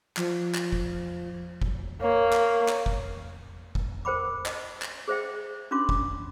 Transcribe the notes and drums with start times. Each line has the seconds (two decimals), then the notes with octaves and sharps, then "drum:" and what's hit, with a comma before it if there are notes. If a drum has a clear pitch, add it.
0.17 F3, drum: clap
0.55 drum: clap
0.72 drum: kick
1.62 drum: kick
2.01 A#3 C#5
2.33 drum: clap
2.68 drum: clap
2.86 drum: kick
3.75 drum: kick
4.05 A#4 C5 G5 B5 D6
4.46 D#5, drum: clap
4.82 drum: clap
5.08 G#4 C5 E5 G5
5.71 C#4 D4 F4 C6 D6
5.89 drum: kick